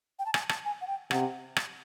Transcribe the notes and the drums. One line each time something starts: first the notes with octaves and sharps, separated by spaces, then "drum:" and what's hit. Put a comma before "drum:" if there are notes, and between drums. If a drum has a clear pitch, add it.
G5
A5
G#5, drum: rim click
A5, drum: rim click
G#5
F#5
G5
C3 F#5, drum: rim click
drum: rim click